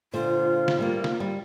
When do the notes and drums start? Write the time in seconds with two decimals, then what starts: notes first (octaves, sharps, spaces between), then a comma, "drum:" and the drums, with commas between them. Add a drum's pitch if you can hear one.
0.14 A#2 D3 F4 C5
0.68 drum: snare
0.79 G3 A3 A#3
1.04 drum: snare
1.20 G3